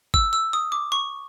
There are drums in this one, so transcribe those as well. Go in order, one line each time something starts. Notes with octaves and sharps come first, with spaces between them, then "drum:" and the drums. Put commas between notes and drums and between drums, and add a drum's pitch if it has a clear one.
E6, drum: kick G#1
E6
D#6
D6
C#6